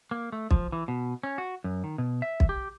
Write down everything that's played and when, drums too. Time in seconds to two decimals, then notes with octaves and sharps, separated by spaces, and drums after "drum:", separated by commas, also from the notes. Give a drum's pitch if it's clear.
0.11 A#3
0.32 A3
0.51 F3, drum: kick
0.72 E3
0.88 B2
1.23 C#4
1.38 F#4
1.64 F#2
1.84 D#3
1.98 B2
2.22 E5
2.40 drum: kick
2.49 G4